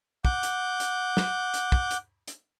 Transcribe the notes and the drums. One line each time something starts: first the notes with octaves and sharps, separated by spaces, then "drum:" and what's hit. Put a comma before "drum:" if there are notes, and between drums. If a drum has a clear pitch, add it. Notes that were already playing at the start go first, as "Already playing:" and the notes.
F#5 D6 G6, drum: kick
drum: hi-hat
drum: hi-hat
drum: snare
drum: hi-hat
drum: kick
drum: hi-hat
drum: hi-hat